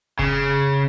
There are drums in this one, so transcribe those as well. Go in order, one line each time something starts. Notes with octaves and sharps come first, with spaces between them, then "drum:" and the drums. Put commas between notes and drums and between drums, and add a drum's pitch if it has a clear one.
C#3, drum: kick F1